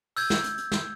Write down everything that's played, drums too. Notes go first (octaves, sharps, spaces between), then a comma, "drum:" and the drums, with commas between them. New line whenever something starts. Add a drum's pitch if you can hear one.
E6 G6 G#6, drum: open hi-hat
drum: snare
drum: hi-hat
drum: hi-hat
drum: snare